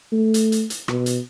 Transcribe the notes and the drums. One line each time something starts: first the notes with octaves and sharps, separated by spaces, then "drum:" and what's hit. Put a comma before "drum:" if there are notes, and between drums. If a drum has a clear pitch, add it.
A3
drum: hi-hat
drum: hi-hat
drum: hi-hat
B2, drum: rim click
drum: hi-hat